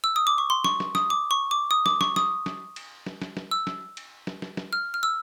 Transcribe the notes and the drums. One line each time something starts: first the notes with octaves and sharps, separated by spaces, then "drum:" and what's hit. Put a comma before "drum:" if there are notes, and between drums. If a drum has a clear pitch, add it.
E6
D#6
D6
C#6
C6
C#6, drum: snare
drum: snare
D#6, drum: snare
D6
C#6
D6
D#6
D6, drum: snare
C#6, drum: snare
D#6, drum: snare
drum: snare
drum: cymbal
drum: snare
drum: snare
drum: snare
E6
drum: snare
drum: cymbal
drum: snare
drum: snare
drum: snare
F6
F6
E6